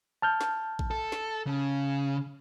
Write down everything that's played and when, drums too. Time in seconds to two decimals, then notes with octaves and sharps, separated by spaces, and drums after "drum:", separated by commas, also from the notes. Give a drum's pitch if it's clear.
0.22 A5 F6 G6
0.41 drum: snare
0.79 drum: kick A1
0.91 A4
1.12 drum: snare
1.47 C#3